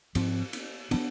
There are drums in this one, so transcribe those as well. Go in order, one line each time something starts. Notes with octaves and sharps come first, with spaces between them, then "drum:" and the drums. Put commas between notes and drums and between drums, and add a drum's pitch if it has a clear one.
G#2 F3 C4, drum: cymbal
drum: cymbal
F3 B3 D4, drum: cymbal